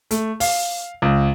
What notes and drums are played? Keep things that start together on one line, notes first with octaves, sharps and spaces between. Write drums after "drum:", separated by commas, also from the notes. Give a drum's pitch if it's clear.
A3, drum: hi-hat
F5, drum: open hi-hat
C#2